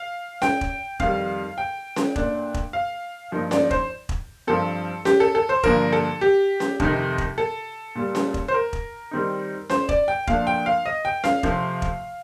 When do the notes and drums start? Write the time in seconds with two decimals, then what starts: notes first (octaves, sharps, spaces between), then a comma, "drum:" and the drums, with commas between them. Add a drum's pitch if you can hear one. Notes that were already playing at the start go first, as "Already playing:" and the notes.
Already playing: F5
0.42 G5, drum: snare C#4
0.61 drum: kick E1
1.00 F2 D#3 G3 F5, drum: kick E1
1.58 G5
1.96 drum: snare C#4
2.16 A#2 A3 D4, drum: kick E1
2.54 drum: kick E1
2.73 F5
3.32 G2 F3 A#3 D#4
3.51 D5, drum: snare C#4
3.71 C5, drum: kick E1
4.09 drum: kick E1
4.47 G2 F3 C4 A4
5.05 G4, drum: snare C#4
5.20 A4
5.35 A4
5.49 C5
5.63 G2 D3 F3 A#3 D4 A#4, drum: kick E1
5.93 A4
6.21 G4
6.60 drum: snare C#4
6.80 F2 C3 D#3 A3 D#4, drum: kick E1
7.18 drum: kick E1
7.38 A4
7.95 A#2 G3 A#3
8.15 drum: snare C#4
8.34 drum: kick E1
8.48 C5
8.54 A#4
8.73 drum: kick E1
9.11 D#3 G3 C4 D#4
9.70 C5, drum: snare C#4
9.89 D5, drum: kick E1
10.08 G5
10.27 A#2 F3 A3 D4 F5, drum: kick E1
10.47 G5
10.66 F5
10.86 D#5
11.05 G5
11.24 F5, drum: snare C#4
11.43 C3 F3 A3 C4, drum: kick E1
11.82 drum: kick E1